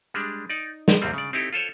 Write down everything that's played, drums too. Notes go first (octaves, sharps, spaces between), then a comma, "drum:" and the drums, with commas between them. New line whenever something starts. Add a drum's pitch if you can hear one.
G3 G#3 D4
D#4 D5
drum: snare
D#2 A2 C3 G3 C4
C#3 D5
C4 D#4 E4 G4 A4
F4 A4 C5 C#5